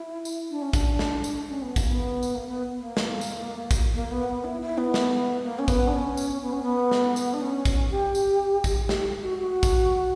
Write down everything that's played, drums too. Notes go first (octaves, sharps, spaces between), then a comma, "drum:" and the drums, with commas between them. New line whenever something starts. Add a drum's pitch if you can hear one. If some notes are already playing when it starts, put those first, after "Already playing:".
Already playing: E4
drum: tambourine
D4
C#4
D4, drum: kick, tambourine
drum: snare
drum: tambourine
C#4
B3
A#3, drum: kick, tambourine
B3
drum: tambourine
A#3
B3
A#3
drum: snare
drum: tambourine
drum: kick, tambourine
A#3
B3
B3
E4
E4
B3
drum: snare
A#3
C#4
B3, drum: kick, tambourine
D4
C#4
drum: tambourine
B3
C#4
B3
drum: snare
drum: tambourine
D4
C#4
drum: kick, tambourine
G4
drum: tambourine
drum: kick, tambourine
G4, drum: snare
F#4
F#4
drum: kick, tambourine